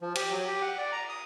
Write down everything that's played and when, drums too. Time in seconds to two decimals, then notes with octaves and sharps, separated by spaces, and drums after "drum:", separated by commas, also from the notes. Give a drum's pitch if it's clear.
0.01 F3
0.15 G4, drum: cymbal
0.31 F#3
0.47 G4
0.62 F#5
0.78 D5
0.92 A#5
1.09 D#6